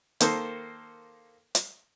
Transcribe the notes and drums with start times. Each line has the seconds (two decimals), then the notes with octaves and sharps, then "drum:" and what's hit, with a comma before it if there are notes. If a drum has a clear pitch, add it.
0.20 D#3 A#3 A4 C5, drum: hi-hat
1.55 drum: hi-hat